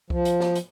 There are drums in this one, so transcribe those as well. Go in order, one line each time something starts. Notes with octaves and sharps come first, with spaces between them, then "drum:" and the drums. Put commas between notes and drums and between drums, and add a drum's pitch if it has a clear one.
F3, drum: kick C2
drum: hi-hat
drum: snare
drum: hi-hat